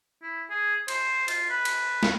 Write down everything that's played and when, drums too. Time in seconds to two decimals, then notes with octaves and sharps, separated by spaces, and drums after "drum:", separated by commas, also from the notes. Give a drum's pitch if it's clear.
0.23 E4
0.50 G#4
0.88 C5, drum: cymbal
1.28 F4, drum: cymbal
1.50 B4
1.65 drum: cymbal
2.03 drum: snare